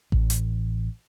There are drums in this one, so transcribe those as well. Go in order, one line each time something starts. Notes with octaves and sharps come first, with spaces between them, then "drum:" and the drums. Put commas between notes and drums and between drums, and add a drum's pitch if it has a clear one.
A1, drum: kick A1
drum: hi-hat